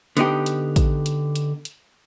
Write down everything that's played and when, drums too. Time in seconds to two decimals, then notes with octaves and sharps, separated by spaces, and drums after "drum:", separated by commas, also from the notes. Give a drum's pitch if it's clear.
0.17 D3 B3 D#4 G4, drum: hi-hat
0.46 drum: hi-hat
0.76 drum: kick A1, hi-hat
1.06 drum: hi-hat
1.36 drum: hi-hat
1.65 drum: hi-hat